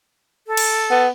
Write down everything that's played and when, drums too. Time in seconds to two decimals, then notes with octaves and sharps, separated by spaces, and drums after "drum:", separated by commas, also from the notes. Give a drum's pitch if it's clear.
0.47 A4
0.57 drum: cymbal
0.91 B3